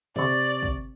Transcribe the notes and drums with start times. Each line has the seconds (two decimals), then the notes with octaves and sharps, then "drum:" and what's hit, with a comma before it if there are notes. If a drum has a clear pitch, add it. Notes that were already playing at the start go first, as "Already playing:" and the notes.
0.16 C3 D5 C#6, drum: tom
0.63 drum: kick